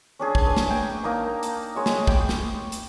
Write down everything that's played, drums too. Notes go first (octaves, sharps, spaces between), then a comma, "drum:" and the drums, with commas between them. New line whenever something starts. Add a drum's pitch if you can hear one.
C#4 D4 G#4
drum: kick
B4
drum: snare
G5 A#5
A#3 D4 D#4 A#5
drum: hi-hat
G#3 C#5 D#5
drum: snare
G5 B5 C#6 D6, drum: kick
drum: snare
drum: hi-hat